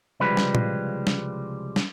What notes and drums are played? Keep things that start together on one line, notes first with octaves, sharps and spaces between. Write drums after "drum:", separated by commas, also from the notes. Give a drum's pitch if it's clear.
C2 C#3 F3 G3 G#3 B4
drum: snare
drum: tom
drum: snare
drum: snare